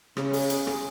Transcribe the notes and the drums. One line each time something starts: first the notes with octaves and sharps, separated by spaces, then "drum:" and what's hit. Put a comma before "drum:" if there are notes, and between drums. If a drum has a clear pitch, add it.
C#3 C#4, drum: rim click
G#4, drum: open hi-hat
C#4, drum: hi-hat
G#4, drum: rim click